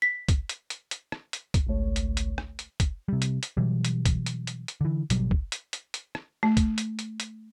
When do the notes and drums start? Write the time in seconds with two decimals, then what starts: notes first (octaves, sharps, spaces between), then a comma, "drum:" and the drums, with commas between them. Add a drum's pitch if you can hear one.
0.02 B6
0.29 drum: kick, hi-hat
0.49 drum: hi-hat
0.70 drum: hi-hat
0.91 drum: hi-hat
1.12 drum: rim click
1.33 drum: hi-hat
1.54 drum: kick, hi-hat
1.66 G#1 C#2 A3 C#5
1.96 drum: hi-hat
2.17 drum: hi-hat
2.38 drum: rim click
2.59 drum: hi-hat
2.80 drum: kick, hi-hat
3.08 C3 G3
3.22 drum: hi-hat
3.43 drum: hi-hat
3.57 B2 E3 F#3 G3
3.85 drum: hi-hat
4.05 drum: kick, hi-hat
4.26 drum: hi-hat
4.47 drum: hi-hat
4.68 drum: hi-hat
4.81 D3 E3
5.10 G#1 B2 F#3 G3, drum: hi-hat
5.31 drum: kick
5.52 drum: hi-hat
5.73 drum: hi-hat
5.94 drum: hi-hat
6.15 drum: rim click
6.43 A3
6.57 drum: kick, hi-hat
6.78 drum: hi-hat
6.99 drum: hi-hat
7.20 drum: hi-hat